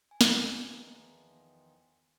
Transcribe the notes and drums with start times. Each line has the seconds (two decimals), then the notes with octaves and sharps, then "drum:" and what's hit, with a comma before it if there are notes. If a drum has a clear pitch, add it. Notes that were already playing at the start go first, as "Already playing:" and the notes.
0.11 G#5
0.21 drum: snare
0.67 E2 D#3 F3